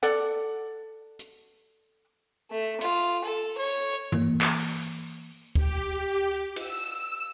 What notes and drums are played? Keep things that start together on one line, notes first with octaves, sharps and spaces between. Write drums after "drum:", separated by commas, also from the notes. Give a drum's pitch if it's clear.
A4 D5 F#5, drum: hi-hat
drum: hi-hat
A3
F4, drum: hi-hat
A4
C#5
E3 A#3, drum: tom G2
drum: clap
drum: open hi-hat
G4, drum: kick D2
E6, drum: cymbal